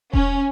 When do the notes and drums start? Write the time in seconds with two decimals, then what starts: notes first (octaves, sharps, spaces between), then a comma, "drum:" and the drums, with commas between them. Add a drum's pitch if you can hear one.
0.13 C#4, drum: kick E1